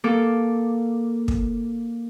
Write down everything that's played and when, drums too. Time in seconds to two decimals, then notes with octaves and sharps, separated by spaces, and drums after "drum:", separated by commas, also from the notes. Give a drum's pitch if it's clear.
0.04 A#3 A4 D6
1.28 drum: kick